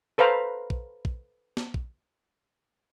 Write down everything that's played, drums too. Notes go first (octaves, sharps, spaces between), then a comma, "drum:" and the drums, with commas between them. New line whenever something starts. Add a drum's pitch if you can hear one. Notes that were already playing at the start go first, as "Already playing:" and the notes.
A4 B4 C5 F5 A#5
drum: kick
drum: kick
drum: snare
drum: kick